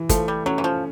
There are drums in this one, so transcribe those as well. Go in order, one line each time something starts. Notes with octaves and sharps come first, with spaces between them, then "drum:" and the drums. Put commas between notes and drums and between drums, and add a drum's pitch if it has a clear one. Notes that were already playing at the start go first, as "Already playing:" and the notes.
Already playing: E3
F3 A3, drum: kick, hi-hat
G3
F#3 C#4
E3
F3